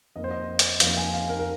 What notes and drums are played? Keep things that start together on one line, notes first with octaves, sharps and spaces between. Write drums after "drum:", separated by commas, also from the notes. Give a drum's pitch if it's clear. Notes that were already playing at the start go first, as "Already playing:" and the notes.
F2 F3 A#3 D#5
C5
D#5
drum: hi-hat
F2 F3 A#3 F5, drum: hi-hat
G#5
F5
A#4
A#4